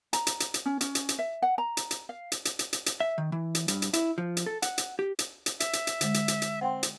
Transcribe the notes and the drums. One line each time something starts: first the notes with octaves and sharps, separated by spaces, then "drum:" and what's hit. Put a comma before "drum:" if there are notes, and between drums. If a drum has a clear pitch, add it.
A#5, drum: hi-hat
drum: hi-hat
drum: hi-hat
drum: hi-hat
C#4
C#4, drum: hi-hat
drum: hi-hat
drum: hi-hat
E5
F#5
A#5
drum: hi-hat
drum: hi-hat
F5
drum: hi-hat
drum: hi-hat
drum: hi-hat
drum: hi-hat
drum: hi-hat
E5
D#3
E3
drum: hi-hat
G2, drum: hi-hat
drum: hi-hat
E4, drum: hi-hat
F3
drum: hi-hat
A4
F#5, drum: hi-hat
drum: hi-hat
G4
drum: hi-hat
drum: hi-hat
E5, drum: hi-hat
drum: hi-hat
drum: hi-hat
D3 G#3, drum: hi-hat
drum: hi-hat
drum: hi-hat
drum: hi-hat
C4 F#5 G5 C6
drum: hi-hat